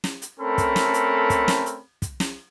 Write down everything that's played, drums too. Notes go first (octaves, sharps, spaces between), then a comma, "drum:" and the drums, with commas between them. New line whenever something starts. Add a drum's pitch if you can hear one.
drum: snare
drum: hi-hat
A3 C4 C#4 A4 A#4 B5
drum: kick, hi-hat
drum: snare
drum: hi-hat
drum: kick, hi-hat
drum: snare
drum: hi-hat
drum: kick, hi-hat
drum: snare